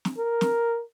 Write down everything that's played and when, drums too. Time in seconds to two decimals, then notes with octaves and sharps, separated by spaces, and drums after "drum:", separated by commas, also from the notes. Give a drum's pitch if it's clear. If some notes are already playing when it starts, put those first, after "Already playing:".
0.05 drum: snare
0.18 A#4
0.41 drum: snare